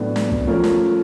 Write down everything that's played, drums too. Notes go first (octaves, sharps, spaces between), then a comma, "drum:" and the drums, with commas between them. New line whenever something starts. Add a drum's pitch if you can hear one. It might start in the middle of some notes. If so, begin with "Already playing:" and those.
Already playing: A2 F#3 B3 D4 F#4
drum: snare
drum: kick
F3 A3 C#4 F4 A#4
drum: snare